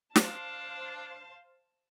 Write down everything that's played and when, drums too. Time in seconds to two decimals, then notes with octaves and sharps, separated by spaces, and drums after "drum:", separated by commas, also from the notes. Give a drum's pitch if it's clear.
0.16 D4 C5 F5 A5, drum: snare